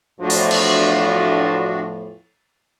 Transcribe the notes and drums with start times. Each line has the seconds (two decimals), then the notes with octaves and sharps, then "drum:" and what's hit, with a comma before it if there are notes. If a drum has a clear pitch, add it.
0.21 E2 A2 F3 D4 F#4
0.30 drum: open hi-hat
0.51 drum: cymbal